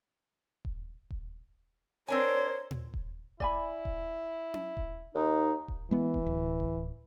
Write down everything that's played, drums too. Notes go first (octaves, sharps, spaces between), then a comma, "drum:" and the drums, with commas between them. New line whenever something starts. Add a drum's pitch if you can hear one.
drum: kick D#1
drum: kick D#1
C4 D4 A#4 C5 C#5 G#5
drum: tom A#2
drum: kick D#1
E4 D5 G#5 B5, drum: kick D#1
drum: kick D#1
drum: tom C#4
drum: kick D#1
D#2 D#4
drum: kick D#1
E3 G#3 B3
drum: kick D#1
D1
drum: kick D#1